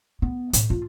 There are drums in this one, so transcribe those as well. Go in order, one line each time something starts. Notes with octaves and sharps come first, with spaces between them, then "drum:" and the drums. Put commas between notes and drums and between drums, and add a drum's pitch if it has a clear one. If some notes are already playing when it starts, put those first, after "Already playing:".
B3
A2, drum: hi-hat
F4